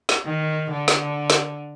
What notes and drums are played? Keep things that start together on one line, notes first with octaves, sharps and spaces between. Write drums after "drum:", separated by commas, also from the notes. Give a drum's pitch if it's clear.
drum: snare
D#3
D3
drum: snare
drum: snare